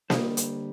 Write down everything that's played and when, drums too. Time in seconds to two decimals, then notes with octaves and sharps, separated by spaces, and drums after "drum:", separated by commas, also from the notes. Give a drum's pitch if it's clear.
0.10 D3 G3 A#3 C5 D#5, drum: snare A#3
0.37 drum: hi-hat